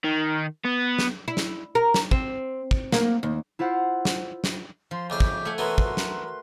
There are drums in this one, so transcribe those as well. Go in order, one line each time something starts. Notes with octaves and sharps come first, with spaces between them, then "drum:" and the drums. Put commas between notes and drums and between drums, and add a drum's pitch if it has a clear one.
D#3
B3
drum: snare
E4
drum: snare
A#4
drum: snare
C4, drum: kick
drum: kick
A#3, drum: snare
D#2
E4 F4 C5 F#5
drum: snare
drum: snare
F3 C6
F2 C#3 E5 F5 D6 G6
drum: kick
A3 F#5 G#5
E3 F#3 B3 F#4 A#4 B4 C6
drum: kick
drum: snare